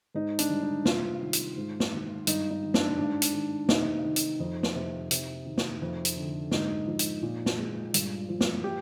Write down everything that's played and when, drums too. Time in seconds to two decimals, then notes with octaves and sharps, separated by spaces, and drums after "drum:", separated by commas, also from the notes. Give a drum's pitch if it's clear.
0.15 G#2 D#4
0.39 D4, drum: hi-hat
0.50 G3
0.62 D#4
0.86 C3 F4, drum: snare
1.22 D#3
1.33 drum: hi-hat
1.57 G#2
1.80 drum: snare
1.93 D#3
2.27 G2 D#4, drum: hi-hat
2.50 D#4
2.63 D#3
2.74 D4, drum: snare
2.98 G#2 D4
3.22 drum: hi-hat
3.33 D#3
3.69 C3 D#4, drum: snare
4.05 D#3
4.16 drum: hi-hat
4.40 F2 D#4
4.63 drum: snare
4.75 C3
5.11 C3, drum: hi-hat
5.46 D#3
5.58 drum: snare
5.82 F2
6.05 drum: hi-hat
6.17 D3
6.51 G#2 D#4, drum: snare
6.87 F3
6.99 drum: hi-hat
7.22 A#2
7.46 drum: snare
7.57 G#3
7.94 G2, drum: hi-hat
8.29 F3
8.41 drum: snare
8.64 G4